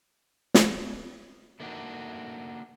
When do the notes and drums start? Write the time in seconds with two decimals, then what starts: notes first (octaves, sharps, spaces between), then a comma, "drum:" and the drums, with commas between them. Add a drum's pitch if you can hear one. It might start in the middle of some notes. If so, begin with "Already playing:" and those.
0.54 drum: snare
1.60 A3 A#3 D4 D#4 F#4